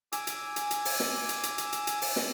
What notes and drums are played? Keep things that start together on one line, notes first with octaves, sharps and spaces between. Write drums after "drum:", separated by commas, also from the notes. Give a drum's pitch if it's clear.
G#5 D6 E6, drum: hi-hat
drum: hi-hat
drum: hi-hat
drum: hi-hat
drum: open hi-hat
drum: snare
drum: hi-hat
drum: hi-hat
drum: hi-hat
drum: hi-hat
drum: hi-hat
drum: open hi-hat
drum: snare